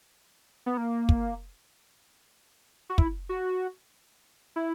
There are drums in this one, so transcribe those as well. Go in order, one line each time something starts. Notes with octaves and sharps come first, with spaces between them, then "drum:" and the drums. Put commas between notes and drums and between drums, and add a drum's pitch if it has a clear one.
B3
A#3
drum: kick
F#4
E4, drum: kick
F#4
E4